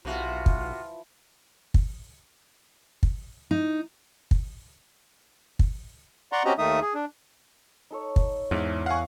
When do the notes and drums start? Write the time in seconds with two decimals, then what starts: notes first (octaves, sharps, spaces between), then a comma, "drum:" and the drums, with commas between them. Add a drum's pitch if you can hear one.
0.05 B1 C3 E3 F3 F4 F#4 C6
0.46 drum: kick
1.74 drum: kick
3.03 drum: kick
3.51 D#4
4.31 drum: kick
5.59 drum: kick
6.32 D5 F#5 A#5 C6 C#6
6.45 C4 C#4 F#4 G4 D#5 A#5
6.58 D#2 D#3 A3 D#4 E5 D#6
6.81 G#4
6.94 D4
7.91 D#4 A4 C#5
8.16 drum: kick
8.51 E2 G#2
8.86 F5 F#5 G#5 C#6